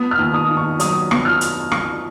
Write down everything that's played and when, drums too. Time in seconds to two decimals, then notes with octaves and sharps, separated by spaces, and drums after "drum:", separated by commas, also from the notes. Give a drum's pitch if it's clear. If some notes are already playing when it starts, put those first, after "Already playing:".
Already playing: B3 D#6
0.11 F6
0.19 D#2
0.34 D#6
0.49 D#3
0.57 C#6
0.80 F#3 D#6, drum: hi-hat
1.11 B3, drum: rim click
1.25 F6
1.41 drum: hi-hat
1.72 drum: rim click